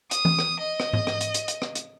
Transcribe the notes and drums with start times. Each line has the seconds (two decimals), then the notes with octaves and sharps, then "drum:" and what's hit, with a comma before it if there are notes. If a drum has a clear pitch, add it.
0.11 D#6, drum: hi-hat
0.25 drum: tom E3
0.39 drum: rim click
0.60 D#5
0.80 drum: rim click
0.93 drum: tom G#2
1.07 drum: rim click
1.21 drum: hi-hat
1.34 drum: hi-hat
1.48 drum: hi-hat
1.62 drum: rim click
1.75 drum: hi-hat